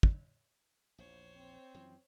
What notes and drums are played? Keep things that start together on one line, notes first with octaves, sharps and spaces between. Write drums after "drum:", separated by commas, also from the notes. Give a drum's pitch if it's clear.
drum: kick
A#1 E2 C5 C#5
C4
F#2 E3 F3